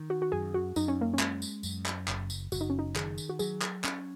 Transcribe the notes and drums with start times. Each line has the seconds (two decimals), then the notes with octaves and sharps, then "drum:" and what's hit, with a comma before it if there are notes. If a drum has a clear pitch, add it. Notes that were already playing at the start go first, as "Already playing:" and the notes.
Already playing: D#3
0.10 F#4
0.22 F#4
0.32 F#2 G#4
0.54 F#4
0.76 F#2 D#4, drum: tambourine
0.88 C#4
1.01 A#3
1.13 C#4
1.19 G#3, drum: clap
1.42 drum: tambourine
1.63 F#2, drum: tambourine
1.86 drum: clap
2.08 F#1, drum: clap
2.30 drum: tambourine
2.52 F#1 F#4, drum: tambourine
2.61 D#4
2.70 C#4
2.79 D#4
2.96 D#3 G#4, drum: clap
3.18 drum: tambourine
3.29 F#4
3.39 F#3 G#4, drum: tambourine
3.62 drum: clap
3.84 C#4, drum: clap